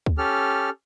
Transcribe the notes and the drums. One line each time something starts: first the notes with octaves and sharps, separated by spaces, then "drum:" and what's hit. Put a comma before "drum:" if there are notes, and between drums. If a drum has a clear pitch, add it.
drum: kick D2
C#4 G4 A4 F6